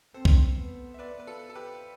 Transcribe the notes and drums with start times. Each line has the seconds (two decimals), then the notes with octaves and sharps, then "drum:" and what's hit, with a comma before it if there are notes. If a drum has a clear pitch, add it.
0.14 C4 A4 C5
0.25 drum: kick B1
0.57 B3
0.94 E5
0.99 B4 D5
1.20 B4
1.27 F4 A4
1.49 A4
1.55 G4 B4